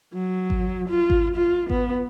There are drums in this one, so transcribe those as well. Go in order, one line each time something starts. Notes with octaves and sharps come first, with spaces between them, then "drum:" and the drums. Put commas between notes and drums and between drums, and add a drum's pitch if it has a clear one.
F#3
drum: kick G#1
F4
drum: kick G#1
F4
B3, drum: kick G#1